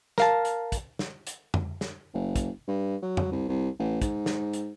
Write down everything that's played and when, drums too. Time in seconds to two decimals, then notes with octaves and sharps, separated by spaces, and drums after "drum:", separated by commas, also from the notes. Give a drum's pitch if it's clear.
0.18 A#4 F5 A5, drum: snare
0.45 drum: hi-hat
0.72 drum: kick, hi-hat
0.99 drum: snare
1.27 drum: hi-hat
1.54 drum: tom F2
1.81 drum: snare
2.14 F#1
2.36 drum: kick, hi-hat
2.68 G2
3.02 F#3
3.17 drum: tom F2
3.32 C2
3.48 C2
3.79 A1
4.02 G#2, drum: kick, hi-hat
4.26 drum: snare
4.53 drum: hi-hat